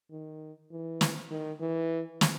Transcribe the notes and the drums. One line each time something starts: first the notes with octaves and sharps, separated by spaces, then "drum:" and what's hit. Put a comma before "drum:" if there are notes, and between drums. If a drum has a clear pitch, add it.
D#3
E3
drum: snare
D#3
E3
drum: snare